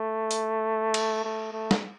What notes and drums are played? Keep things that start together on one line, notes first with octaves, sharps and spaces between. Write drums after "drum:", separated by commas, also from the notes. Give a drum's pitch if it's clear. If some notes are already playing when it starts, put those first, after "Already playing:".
Already playing: A3
drum: hi-hat
drum: cymbal
A3
A3
drum: snare